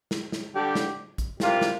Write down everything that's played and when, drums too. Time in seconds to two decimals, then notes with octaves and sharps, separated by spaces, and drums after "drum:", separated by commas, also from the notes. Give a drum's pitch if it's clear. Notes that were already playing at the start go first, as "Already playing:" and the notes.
0.11 drum: snare
0.32 drum: snare
0.54 D3 G3 D4 G4
0.75 drum: snare
1.18 drum: kick, hi-hat
1.40 C3 G3 A#3 F4, drum: snare
1.61 drum: snare